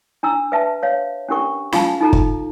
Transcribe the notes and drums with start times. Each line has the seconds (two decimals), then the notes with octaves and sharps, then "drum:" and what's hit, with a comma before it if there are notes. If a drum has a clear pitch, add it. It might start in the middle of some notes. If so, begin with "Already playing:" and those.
0.23 D4 A#5 E6
0.52 B4 E5 A5
0.83 C#5 F5
1.29 C#4 D4 G4 A#4 C#6
1.72 F4 F5 G#5 A5, drum: snare
2.01 D#4 F4 A4 A#5
2.13 drum: kick